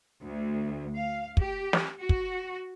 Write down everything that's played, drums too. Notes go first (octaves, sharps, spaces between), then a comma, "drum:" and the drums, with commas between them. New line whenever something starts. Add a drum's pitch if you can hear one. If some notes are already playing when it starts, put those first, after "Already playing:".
D2
F5
G4, drum: kick
drum: snare
F#4
drum: kick